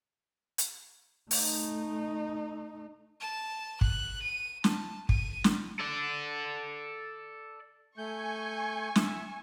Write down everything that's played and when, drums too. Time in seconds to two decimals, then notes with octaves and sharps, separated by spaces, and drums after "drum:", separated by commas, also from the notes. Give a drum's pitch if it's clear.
0.58 drum: hi-hat
1.31 A3 D#4, drum: open hi-hat
3.21 A5
3.81 F#6, drum: kick
4.23 D#7
4.64 A5, drum: snare
5.09 D#7, drum: kick
5.44 drum: snare
5.80 A4 D5
7.98 A3 G#5 C#6 G6
8.96 E5, drum: snare